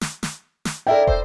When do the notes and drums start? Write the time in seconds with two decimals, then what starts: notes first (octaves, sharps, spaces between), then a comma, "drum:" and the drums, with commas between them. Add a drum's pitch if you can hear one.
0.01 drum: snare
0.23 drum: snare
0.65 drum: snare
0.87 D4 E4 A4 A#4 E5 G5
1.07 C5, drum: kick